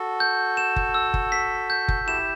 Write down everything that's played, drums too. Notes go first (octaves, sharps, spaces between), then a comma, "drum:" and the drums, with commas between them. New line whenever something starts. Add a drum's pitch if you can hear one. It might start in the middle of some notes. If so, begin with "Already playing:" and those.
Already playing: F#4 A4
G6
E7
drum: kick F#1
E6
drum: kick F#1
B6
G6
drum: kick F#1
E4 G4 E7